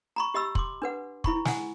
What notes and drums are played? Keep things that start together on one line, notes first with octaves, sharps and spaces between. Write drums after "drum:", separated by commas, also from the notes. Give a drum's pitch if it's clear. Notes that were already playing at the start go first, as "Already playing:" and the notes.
A#5 B5 C#6
G4 D#5 B5 E6
C6 D6, drum: kick
D4 B4 F#5
E4 B5 C#6, drum: kick
F#5 G#5, drum: snare